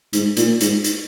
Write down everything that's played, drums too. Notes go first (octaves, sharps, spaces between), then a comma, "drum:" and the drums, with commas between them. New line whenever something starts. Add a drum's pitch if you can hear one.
G#2, drum: hi-hat
A#2, drum: hi-hat
G#2, drum: hi-hat
drum: hi-hat